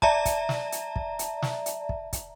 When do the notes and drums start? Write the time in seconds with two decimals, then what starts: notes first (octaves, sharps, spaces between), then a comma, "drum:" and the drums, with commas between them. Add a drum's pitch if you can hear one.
0.02 D5 E5 A5 A#5, drum: kick
0.25 drum: kick, hi-hat
0.49 drum: snare
0.72 drum: hi-hat
0.96 drum: kick
1.19 drum: hi-hat
1.42 drum: snare
1.66 drum: hi-hat
1.89 drum: kick
2.13 drum: kick, hi-hat